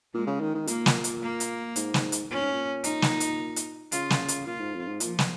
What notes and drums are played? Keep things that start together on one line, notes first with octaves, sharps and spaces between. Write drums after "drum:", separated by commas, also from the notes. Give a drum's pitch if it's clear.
A#2 G#3
C#3
D#3
D#3
A#2 A#3, drum: hi-hat
drum: snare
drum: hi-hat
A#3
drum: hi-hat
G#2, drum: hi-hat
drum: snare
drum: hi-hat
A#2 C#4
G#2
A#2
D#4, drum: hi-hat
drum: snare
drum: hi-hat
drum: hi-hat
C#3 F4, drum: hi-hat
drum: snare
drum: hi-hat
A#2 F4
G#2
F2
G#2
A#2 F3, drum: hi-hat
drum: snare